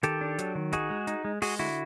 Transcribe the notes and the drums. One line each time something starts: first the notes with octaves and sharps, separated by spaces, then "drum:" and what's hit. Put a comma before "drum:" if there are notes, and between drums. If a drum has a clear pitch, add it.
D#3 G4 A4, drum: hi-hat
D4
F#3, drum: hi-hat
D#3
D#4 F#4 G#4, drum: kick, hi-hat
G#3
D#4, drum: hi-hat
G#3
G#3 F#4 G#4, drum: open hi-hat
D3 E4 F#4